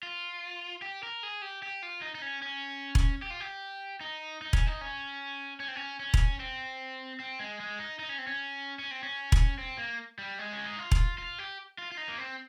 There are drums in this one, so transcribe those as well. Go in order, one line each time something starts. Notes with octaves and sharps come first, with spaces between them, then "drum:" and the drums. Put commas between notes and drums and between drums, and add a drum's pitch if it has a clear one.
F4
G4
A#4
G#4
G4
G4
F4
D#4
D#4
C#4
C#4
drum: kick E1
G4
F4
G4
D#4
D#4
C#4, drum: kick E1
D#4
C#4
C#4
C4
C#4
C#4
drum: kick E1
C4
C4
G#3
G#3
D#4
D#4
C#4
C4
C#4
C#4
C4
C#4
drum: kick E1
C4
A#3
G3
G#3
C#4
D#4
F4
drum: kick E1
F4
G4
F4
F4
D#4
A#3
C4